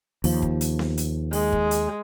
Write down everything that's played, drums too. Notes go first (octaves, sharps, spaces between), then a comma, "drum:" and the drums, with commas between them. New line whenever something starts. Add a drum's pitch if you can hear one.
D#2 F3, drum: open hi-hat
drum: kick
drum: hi-hat
drum: snare B3
drum: hi-hat
G#3, drum: open hi-hat
drum: kick
drum: hi-hat